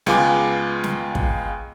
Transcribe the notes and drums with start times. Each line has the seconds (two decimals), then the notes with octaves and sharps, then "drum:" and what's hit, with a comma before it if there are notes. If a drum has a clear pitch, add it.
0.06 C#2 G#3 B3 F4 G#5 D6, drum: snare
0.84 drum: snare
1.15 drum: kick